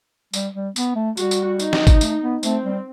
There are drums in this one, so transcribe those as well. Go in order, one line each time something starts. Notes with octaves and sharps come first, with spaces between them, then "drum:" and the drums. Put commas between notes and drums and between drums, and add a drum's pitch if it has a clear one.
G3, drum: tambourine
G3
B3, drum: tambourine
A3
G3 F#4, drum: tambourine
drum: tambourine
D#4, drum: tambourine
drum: snare
drum: kick, tambourine
A3, drum: tambourine
B3
A3 C4, drum: tambourine
G3